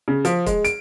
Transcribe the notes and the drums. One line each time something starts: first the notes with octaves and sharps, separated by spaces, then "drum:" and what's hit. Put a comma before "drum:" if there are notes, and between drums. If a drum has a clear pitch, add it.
C#3
F3, drum: hi-hat
G#3, drum: kick, hi-hat
D7, drum: hi-hat